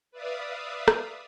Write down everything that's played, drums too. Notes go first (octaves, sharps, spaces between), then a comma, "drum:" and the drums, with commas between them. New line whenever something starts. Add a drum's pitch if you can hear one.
B4 D5 E5 F5 D#6
drum: rim click